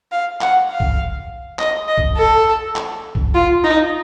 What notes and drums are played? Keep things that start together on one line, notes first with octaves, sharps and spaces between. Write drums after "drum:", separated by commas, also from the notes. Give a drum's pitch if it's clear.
F5
F#5, drum: clap
F5
drum: kick B1
D#5, drum: clap
D#5
drum: kick B1
A4
drum: clap
drum: kick B1
F4
D#4